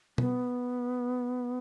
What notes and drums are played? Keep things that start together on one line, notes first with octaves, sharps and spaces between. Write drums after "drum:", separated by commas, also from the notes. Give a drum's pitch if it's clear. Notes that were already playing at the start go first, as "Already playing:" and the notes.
B3, drum: tom B2